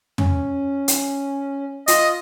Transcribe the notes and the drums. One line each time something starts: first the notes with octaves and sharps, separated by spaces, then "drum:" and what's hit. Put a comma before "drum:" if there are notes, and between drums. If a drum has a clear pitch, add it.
C#4, drum: tom
drum: hi-hat
F4 D#5, drum: hi-hat